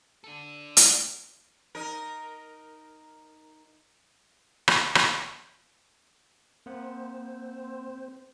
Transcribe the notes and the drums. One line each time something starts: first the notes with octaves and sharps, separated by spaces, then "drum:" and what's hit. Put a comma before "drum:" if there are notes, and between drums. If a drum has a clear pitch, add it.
D4 A4
drum: hi-hat
D#4 A#4
drum: rim click
drum: rim click
A#3 C4 C5 F#5